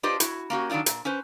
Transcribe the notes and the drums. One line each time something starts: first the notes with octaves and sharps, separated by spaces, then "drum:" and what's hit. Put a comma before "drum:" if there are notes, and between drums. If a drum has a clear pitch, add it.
D4 F4 G4 B4 C5 D#5
E4 F#4, drum: hi-hat
A#3 C#4 F#4 G4
D#3 F#3 D4 D#4 F4
A#2, drum: hi-hat
C#4 B4 C5